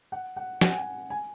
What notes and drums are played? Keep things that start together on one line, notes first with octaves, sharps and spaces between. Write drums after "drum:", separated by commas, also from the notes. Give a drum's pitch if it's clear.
F#5
F#5
F#5, drum: snare
G#5
F#5
G#5